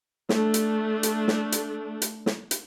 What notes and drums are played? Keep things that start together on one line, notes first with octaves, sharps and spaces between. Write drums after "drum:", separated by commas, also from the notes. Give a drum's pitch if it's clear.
A3 D4, drum: snare
drum: hi-hat
drum: hi-hat
drum: snare
drum: hi-hat
drum: hi-hat
drum: snare
drum: hi-hat